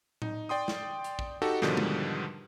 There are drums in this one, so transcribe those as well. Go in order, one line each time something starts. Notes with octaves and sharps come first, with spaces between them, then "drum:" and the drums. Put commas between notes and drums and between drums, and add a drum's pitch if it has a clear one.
D#4, drum: tom A2
D5 G5 C6 D#6
drum: snare
drum: hi-hat
drum: kick
D#4 F#4 G4 A4
G#2 B2 D3 D#3 F3 G3, drum: snare
drum: tom G#3